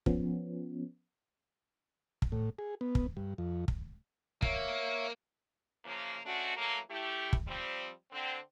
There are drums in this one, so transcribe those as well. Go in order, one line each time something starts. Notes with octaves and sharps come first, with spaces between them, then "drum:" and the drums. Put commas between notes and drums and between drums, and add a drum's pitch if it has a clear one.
F3 B3 C#4, drum: kick
drum: kick
A2
G#4
B3
drum: kick
G2
F2
drum: kick
A#3 C#5 E5 C#6, drum: kick
F#2 C#3 F3 A#3
G#3 A3 C#4 D4 F#4
E3 F#3 A3 A#3
A3 E4 G4
drum: kick
F3 G3 C4
D3 C4